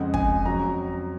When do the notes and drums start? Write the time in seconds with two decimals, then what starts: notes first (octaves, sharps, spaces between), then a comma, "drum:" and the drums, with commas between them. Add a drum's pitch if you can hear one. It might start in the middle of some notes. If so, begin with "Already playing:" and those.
Already playing: F2 C#3 G#3 F#5
0.14 G#5, drum: kick
0.45 F2 C#3 F#3 A#5